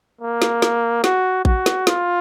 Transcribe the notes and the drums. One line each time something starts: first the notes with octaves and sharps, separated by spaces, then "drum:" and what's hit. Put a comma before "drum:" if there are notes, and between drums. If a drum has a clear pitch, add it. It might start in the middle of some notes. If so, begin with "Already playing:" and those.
A#3
drum: snare
drum: snare
F#4, drum: snare
F#4, drum: kick A1
drum: snare
F4, drum: snare